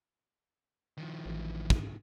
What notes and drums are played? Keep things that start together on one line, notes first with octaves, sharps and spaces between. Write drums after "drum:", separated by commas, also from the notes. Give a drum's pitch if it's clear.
D#3 F3
A1
drum: kick